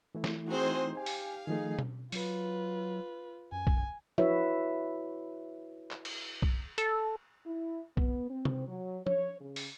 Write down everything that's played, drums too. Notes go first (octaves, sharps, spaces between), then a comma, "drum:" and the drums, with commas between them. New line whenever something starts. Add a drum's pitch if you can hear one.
E3 A3 E4
drum: snare
C4 D#4 F#4 G#4 C5
G4 F5 G#5
drum: open hi-hat
D#3 F3 A3 D#4 G#4
drum: tom B2
F#3 F4 B4, drum: open hi-hat
F#2 G#5
drum: kick B1
E4 F#4 B4 C#5 E5, drum: tom F3
drum: clap
drum: cymbal
drum: kick B1
A4, drum: hi-hat
E4
B3, drum: kick B1
C4
drum: tom C3
F#3
C#5, drum: tom F3
C#3
drum: open hi-hat